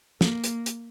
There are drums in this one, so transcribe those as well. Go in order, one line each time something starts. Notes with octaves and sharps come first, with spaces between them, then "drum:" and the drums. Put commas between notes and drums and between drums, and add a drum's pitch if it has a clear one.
A#3, drum: snare
drum: hi-hat
drum: hi-hat